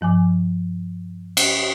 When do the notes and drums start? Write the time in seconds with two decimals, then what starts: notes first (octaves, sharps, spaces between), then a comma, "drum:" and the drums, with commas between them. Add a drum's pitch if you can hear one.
0.01 G2 F3 G#5 D6
1.37 drum: cymbal